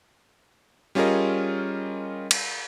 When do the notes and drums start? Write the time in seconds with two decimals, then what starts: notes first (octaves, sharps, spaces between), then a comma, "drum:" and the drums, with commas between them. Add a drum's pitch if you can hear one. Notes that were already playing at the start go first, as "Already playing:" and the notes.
0.95 G3 C#4 F4 G#4 A#4 D#5
2.31 drum: cymbal